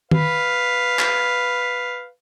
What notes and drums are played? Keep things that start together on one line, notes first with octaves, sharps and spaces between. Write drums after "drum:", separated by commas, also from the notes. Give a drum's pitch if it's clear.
B4 F5, drum: tom D#3
drum: clap